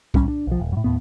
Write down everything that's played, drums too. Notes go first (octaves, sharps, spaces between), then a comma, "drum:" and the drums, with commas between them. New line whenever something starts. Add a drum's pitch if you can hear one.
A1 G3 C#4, drum: kick C2
D4
B1 F3
D#1
F#2 A2
D#2 A2 B3